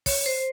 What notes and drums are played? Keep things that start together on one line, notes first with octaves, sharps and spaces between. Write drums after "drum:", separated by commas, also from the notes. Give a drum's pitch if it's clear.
C#5, drum: kick, open hi-hat
C5